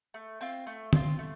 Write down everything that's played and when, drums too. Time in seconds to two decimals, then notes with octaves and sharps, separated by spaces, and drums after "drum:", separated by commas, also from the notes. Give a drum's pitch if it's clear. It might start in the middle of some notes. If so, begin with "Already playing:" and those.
0.14 A3
0.41 C4 F4
0.67 A3
0.93 C4 F4, drum: tom
1.19 A3